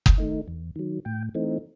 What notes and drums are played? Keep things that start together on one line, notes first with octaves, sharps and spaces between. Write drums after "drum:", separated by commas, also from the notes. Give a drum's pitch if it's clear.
drum: kick F#1
D#3 A3 D#4
E2
D#3 F#3
A2 G5
E3 A3 C4 D#4